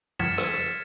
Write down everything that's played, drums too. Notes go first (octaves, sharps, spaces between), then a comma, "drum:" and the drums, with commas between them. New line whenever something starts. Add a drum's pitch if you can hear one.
F6 G#6 A6 B6 C#7 E7, drum: tom
drum: rim click